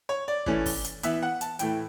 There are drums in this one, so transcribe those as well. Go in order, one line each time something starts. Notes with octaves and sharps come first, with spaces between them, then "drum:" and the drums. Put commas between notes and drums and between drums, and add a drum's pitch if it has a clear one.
C#5
D5
E3 A3 C#4, drum: kick
drum: kick, open hi-hat
drum: hi-hat
E3 B3 E5, drum: hi-hat
F#5
A5, drum: hi-hat
A2 E3 A3 G5, drum: hi-hat